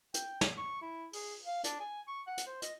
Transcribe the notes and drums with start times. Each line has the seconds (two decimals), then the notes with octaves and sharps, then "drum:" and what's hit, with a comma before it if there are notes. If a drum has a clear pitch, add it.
0.14 G5, drum: hi-hat
0.41 drum: snare
0.57 C#6
0.82 E4
1.13 G#4, drum: open hi-hat
1.45 F5
1.64 D4, drum: hi-hat
1.80 G#5
2.07 C#6
2.27 F#5
2.37 drum: hi-hat
2.47 C5
2.62 D#5, drum: hi-hat